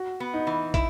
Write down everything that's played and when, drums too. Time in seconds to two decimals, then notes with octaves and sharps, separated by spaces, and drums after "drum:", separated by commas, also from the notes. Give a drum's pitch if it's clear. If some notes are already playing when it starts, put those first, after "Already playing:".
Already playing: F#4
0.20 B3
0.33 D#4
0.47 E3
0.74 E4, drum: kick, hi-hat